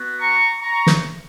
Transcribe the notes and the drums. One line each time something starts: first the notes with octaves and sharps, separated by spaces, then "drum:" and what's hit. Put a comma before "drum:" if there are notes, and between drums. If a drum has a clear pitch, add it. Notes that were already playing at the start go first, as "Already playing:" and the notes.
Already playing: B3 F#4
A#5 C#6
A#5 C#6
drum: snare